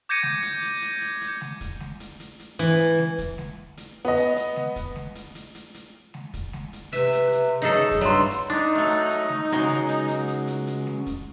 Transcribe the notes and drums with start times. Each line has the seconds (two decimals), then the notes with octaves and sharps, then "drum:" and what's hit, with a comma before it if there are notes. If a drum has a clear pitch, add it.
0.09 D6 G6 G#6 A#6 C#7 D#7
0.23 drum: snare G#3
0.42 drum: hi-hat
0.62 drum: hi-hat
0.82 drum: hi-hat
1.02 drum: hi-hat
1.21 drum: hi-hat
1.41 drum: snare G#3
1.61 drum: kick, hi-hat
1.80 drum: snare G#3
2.00 drum: hi-hat
2.20 drum: hi-hat
2.39 drum: hi-hat
2.59 E3, drum: hi-hat
2.79 drum: hi-hat
2.99 drum: snare G#3
3.18 drum: kick, hi-hat
3.38 drum: snare G#3
3.77 drum: hi-hat
4.05 B3 D#5
4.17 drum: hi-hat
4.36 drum: hi-hat
4.56 drum: snare G#3
4.76 drum: kick, hi-hat
4.96 drum: snare G#3
5.15 drum: hi-hat
5.35 drum: hi-hat
5.55 drum: hi-hat
5.74 drum: hi-hat
6.14 drum: snare G#3
6.34 drum: kick, hi-hat
6.53 drum: snare G#3
6.73 drum: hi-hat
6.93 C3 B4 E5, drum: hi-hat
7.12 drum: hi-hat
7.32 drum: hi-hat
7.62 F#3 D#4 G#4 A4
7.71 drum: snare G#3
7.91 drum: kick, hi-hat
8.01 G2 F#3 G3 E5 C6
8.11 drum: snare G#3
8.31 drum: hi-hat
8.50 D4 D#4, drum: hi-hat
8.76 F#3 A3
8.90 drum: hi-hat
9.09 drum: hi-hat
9.29 drum: snare G#3
9.53 C#2 F#3 G#3
9.68 drum: snare G#3
9.88 drum: hi-hat
10.08 drum: hi-hat
10.28 drum: hi-hat
10.47 drum: hi-hat
10.67 drum: hi-hat
10.87 drum: snare G#3
11.06 drum: kick, hi-hat